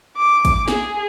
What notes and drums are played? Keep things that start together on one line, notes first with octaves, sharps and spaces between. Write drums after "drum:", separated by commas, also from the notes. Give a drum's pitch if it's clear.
D6
drum: kick, hi-hat
G#4, drum: snare